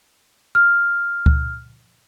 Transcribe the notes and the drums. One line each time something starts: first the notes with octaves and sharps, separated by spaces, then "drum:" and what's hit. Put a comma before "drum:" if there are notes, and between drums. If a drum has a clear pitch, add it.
F6
drum: kick C#2